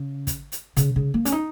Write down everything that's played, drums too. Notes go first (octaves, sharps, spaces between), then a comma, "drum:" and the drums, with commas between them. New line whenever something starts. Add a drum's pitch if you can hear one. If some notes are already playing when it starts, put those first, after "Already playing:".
Already playing: C#3
drum: kick, hi-hat
drum: hi-hat
C#3, drum: hi-hat
C#3
A#3
C#4, drum: hi-hat
D#4